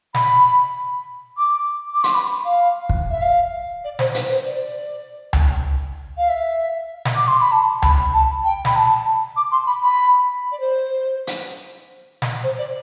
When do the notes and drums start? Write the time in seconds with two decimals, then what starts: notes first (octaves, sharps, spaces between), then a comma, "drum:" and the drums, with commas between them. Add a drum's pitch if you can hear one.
0.15 B5, drum: snare
1.38 D6
1.93 D6
2.04 C6, drum: hi-hat
2.15 B5
2.45 F5
2.89 drum: kick
3.10 E5
3.22 F5
3.84 D5
3.99 C5, drum: snare
4.14 B4, drum: hi-hat
4.30 C5
4.45 D5
5.33 drum: tom C#2
6.18 F5
6.29 E5
7.05 drum: snare
7.15 D6
7.28 C6
7.40 B5
7.52 A5
7.82 B5, drum: tom C#2
8.13 A5
8.44 G5
8.65 B5, drum: snare
8.76 A5
9.36 D6
9.52 C6
9.67 B5
9.83 B5
10.52 D5
10.60 C5
11.27 drum: hi-hat
12.22 drum: snare
12.43 C5
12.58 D5